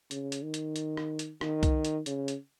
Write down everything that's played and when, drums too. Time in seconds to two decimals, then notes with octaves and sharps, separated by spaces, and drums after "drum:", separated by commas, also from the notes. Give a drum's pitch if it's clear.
0.11 C#3, drum: hi-hat
0.32 drum: hi-hat
0.44 D#3
0.54 drum: hi-hat
0.76 drum: hi-hat
0.97 drum: rim click
1.19 drum: hi-hat
1.41 D#3, drum: rim click
1.63 drum: kick C2, hi-hat
1.85 drum: hi-hat
2.06 C#3, drum: hi-hat
2.28 drum: hi-hat